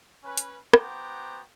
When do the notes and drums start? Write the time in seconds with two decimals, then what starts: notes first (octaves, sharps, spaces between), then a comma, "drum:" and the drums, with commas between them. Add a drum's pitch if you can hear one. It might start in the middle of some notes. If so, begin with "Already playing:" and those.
0.24 C#4 B4
0.37 drum: hi-hat
0.73 B3 F#4 C5 G5 A#5 D6, drum: rim click